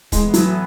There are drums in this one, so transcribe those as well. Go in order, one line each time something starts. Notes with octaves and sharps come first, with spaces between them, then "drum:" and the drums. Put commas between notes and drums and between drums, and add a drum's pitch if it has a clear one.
A2 E3 G#3 B3, drum: kick, hi-hat
F#3, drum: hi-hat